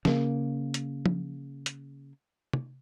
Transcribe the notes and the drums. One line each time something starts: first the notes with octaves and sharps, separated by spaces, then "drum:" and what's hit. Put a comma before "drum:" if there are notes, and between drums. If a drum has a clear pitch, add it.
C#3 A#3, drum: snare
drum: hi-hat
drum: tom F3
drum: hi-hat
drum: tom